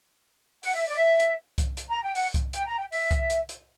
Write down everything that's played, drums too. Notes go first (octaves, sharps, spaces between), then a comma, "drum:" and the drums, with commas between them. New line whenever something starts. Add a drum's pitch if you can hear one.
F#5, drum: open hi-hat
E5
D5
E5
drum: hi-hat
drum: kick C2, hi-hat
drum: hi-hat
A#5
G5
F#5, drum: open hi-hat
drum: kick C2, hi-hat
G5, drum: hi-hat
A#5
G5
E5, drum: open hi-hat
drum: kick C2, hi-hat
drum: hi-hat
drum: hi-hat